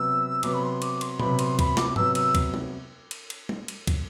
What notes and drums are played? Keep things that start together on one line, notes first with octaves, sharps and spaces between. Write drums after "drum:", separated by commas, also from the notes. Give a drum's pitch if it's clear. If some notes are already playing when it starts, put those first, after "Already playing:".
Already playing: C3 F#3 B3 E6
C3 F#3 B3 D6, drum: cymbal
B5
C6
D6, drum: cymbal
C6, drum: cymbal
C3 F#3 B3 B5, drum: tom A#2
C6, drum: cymbal
B5, drum: kick, cymbal
D6, drum: snare
C3 F#3 B3 E6, drum: tom G#2
E6, drum: cymbal
drum: kick, cymbal
drum: tom
drum: cymbal
drum: cymbal
drum: tom
drum: cymbal
drum: kick, cymbal